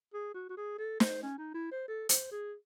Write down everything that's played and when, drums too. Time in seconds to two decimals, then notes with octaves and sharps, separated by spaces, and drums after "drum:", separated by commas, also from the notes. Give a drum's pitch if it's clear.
0.14 G#4
0.34 F#4
0.50 F#4
0.57 G#4
0.79 A4
1.00 C5, drum: snare
1.23 C#4
1.38 D#4
1.54 E4
1.71 C5
1.88 A4
2.09 C5, drum: hi-hat
2.31 G#4